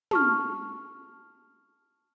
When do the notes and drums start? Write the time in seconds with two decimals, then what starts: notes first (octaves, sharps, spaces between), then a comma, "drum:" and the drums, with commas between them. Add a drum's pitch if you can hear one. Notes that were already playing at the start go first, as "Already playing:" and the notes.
0.11 A5 C#6 F6, drum: tom